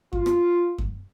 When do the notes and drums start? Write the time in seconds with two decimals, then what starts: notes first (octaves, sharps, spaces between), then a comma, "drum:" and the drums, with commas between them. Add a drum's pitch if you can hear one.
0.13 F4, drum: kick F#2
0.26 drum: rim click
0.79 drum: kick F#2